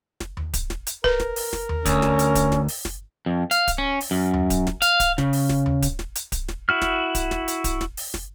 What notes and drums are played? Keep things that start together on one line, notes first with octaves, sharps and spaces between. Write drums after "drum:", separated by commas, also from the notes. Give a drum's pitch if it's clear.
drum: snare
drum: tom D#2
drum: kick D1, hi-hat
drum: snare
drum: hi-hat
A#4 B4, drum: kick D1
drum: snare
drum: open hi-hat
drum: snare
drum: tom D#2
D2 C#4, drum: kick D1, hi-hat
drum: snare
drum: hi-hat
drum: kick D1, hi-hat
drum: snare
drum: open hi-hat
drum: snare
F2
F5, drum: hi-hat
drum: kick D1, hi-hat
C#4
drum: open hi-hat
F#2
drum: tom D#2
drum: kick D1, hi-hat
drum: snare
F5, drum: hi-hat
drum: kick D1, hi-hat
C#3, drum: snare
drum: open hi-hat
drum: snare
drum: tom D#2
drum: kick D1, hi-hat
drum: snare
drum: hi-hat
drum: kick D1, hi-hat
drum: snare
E4 F#4 F6
drum: snare
drum: kick D1, hi-hat
drum: snare
drum: hi-hat
drum: kick D1, hi-hat
drum: snare
drum: open hi-hat
drum: snare